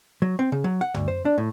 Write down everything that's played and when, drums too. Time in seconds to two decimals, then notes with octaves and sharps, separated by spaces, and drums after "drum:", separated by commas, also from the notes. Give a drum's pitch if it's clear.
0.22 F#3
0.39 C4
0.52 C#3
0.64 F#3
0.81 F#5
0.94 D2, drum: tom
1.08 C5
1.25 D4
1.38 A2